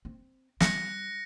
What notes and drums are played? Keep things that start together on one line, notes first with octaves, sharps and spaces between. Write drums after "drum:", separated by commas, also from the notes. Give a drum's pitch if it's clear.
C4
G3 C#4 F#6 A#6 C#7, drum: snare